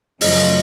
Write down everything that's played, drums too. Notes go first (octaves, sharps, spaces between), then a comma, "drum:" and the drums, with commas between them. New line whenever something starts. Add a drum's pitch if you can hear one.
F#2 C#3 F3 A3 C#4 D#5, drum: open hi-hat